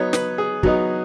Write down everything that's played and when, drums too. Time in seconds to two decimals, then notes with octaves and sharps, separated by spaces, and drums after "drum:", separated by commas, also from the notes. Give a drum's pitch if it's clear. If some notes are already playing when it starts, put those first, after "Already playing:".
Already playing: F#3 B3 D#4 C#5
0.13 B4, drum: snare
0.38 G#4
0.63 F#3 B3 D#4, drum: kick